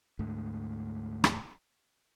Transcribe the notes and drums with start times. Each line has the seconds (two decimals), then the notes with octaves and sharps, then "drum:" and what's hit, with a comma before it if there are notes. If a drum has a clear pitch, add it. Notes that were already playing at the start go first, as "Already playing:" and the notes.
0.19 D2 G#2 A3
1.24 drum: rim click